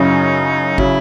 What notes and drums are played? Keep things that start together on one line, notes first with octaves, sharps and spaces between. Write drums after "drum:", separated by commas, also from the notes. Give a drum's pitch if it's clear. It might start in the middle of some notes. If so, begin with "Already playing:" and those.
Already playing: F#2 C#3 F#3 C#4 D#4 E4
C#3 F#3 E4, drum: kick